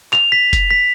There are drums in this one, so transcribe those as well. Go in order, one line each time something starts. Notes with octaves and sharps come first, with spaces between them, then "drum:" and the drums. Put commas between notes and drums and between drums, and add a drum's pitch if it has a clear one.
F7, drum: clap
B6
drum: kick F#1, hi-hat
B6